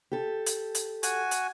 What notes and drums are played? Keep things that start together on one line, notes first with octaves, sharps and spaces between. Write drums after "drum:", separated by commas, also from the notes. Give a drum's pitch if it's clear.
G4 A4
drum: hi-hat
drum: hi-hat
F#4 G#5, drum: hi-hat
drum: hi-hat